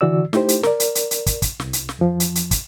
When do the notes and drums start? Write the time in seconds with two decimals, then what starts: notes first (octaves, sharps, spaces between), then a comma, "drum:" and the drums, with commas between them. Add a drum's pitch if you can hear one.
0.01 D3 E3 F#4 D5 E6
0.33 A3 D#4 E4 G4 C5, drum: snare
0.49 drum: hi-hat
0.63 A#4 D5, drum: snare
0.80 drum: hi-hat
0.95 drum: hi-hat
1.11 drum: hi-hat
1.26 drum: kick, hi-hat
1.42 drum: kick, hi-hat
1.60 C2, drum: snare
1.73 drum: hi-hat
1.89 drum: snare
1.99 F2 F3
2.20 drum: hi-hat
2.35 drum: hi-hat
2.51 drum: kick, hi-hat